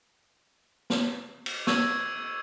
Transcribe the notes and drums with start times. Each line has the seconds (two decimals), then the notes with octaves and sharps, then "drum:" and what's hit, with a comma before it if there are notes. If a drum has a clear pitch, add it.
0.90 drum: snare B3
1.46 drum: cymbal
1.67 C#6 E6 G#6, drum: snare B3